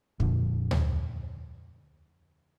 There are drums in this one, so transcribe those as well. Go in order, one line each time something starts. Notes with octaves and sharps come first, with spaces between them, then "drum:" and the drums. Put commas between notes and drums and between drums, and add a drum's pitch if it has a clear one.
F2 A#2 D3 F3, drum: kick
drum: tom D2